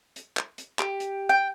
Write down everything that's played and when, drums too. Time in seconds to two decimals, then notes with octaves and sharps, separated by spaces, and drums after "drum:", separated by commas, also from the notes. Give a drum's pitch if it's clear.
0.16 drum: hi-hat
0.37 drum: clap
0.58 drum: hi-hat
0.79 G4, drum: clap
1.00 drum: hi-hat
1.29 G5